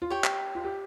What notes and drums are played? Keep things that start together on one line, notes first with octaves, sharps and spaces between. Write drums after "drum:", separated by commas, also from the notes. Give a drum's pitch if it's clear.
F4
G4 C#5 G5 C#6
drum: clap
F4
G4